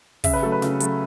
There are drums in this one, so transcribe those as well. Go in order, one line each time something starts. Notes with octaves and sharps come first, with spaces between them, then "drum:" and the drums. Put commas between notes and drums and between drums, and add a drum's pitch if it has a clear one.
C#3 E5, drum: kick, open hi-hat
B4
F#3 A3 A4
B4
C#3, drum: snare
F#3 A3, drum: hi-hat